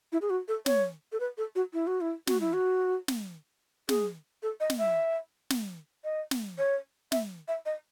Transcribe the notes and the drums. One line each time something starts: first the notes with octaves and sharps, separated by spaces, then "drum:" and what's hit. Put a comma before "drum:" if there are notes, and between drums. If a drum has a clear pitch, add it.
E4
G#4
F#4
A4
C#5, drum: snare
A4
B4
A4
F#4
E4
F#4
E4
F#4, drum: snare
E4
F#4
drum: snare
G#4, drum: snare
A4
D#5
drum: snare
E5
drum: snare
D#5
drum: snare
C#5
E5, drum: snare
E5
D#5